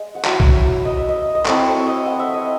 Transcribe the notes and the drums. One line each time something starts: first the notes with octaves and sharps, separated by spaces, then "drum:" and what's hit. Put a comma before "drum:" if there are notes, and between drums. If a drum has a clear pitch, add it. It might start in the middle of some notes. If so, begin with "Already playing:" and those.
Already playing: G#3
F#5
F#3 C#4 E4 E5, drum: clap
drum: kick B1
D#5
E5
D#5
D#5
A3 C4 E4 C#5, drum: clap
C#5
D#5
F#5
E5
D#5